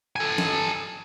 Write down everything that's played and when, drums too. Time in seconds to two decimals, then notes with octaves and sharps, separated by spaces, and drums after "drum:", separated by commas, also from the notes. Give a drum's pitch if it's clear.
0.16 A4 G#5
0.38 drum: snare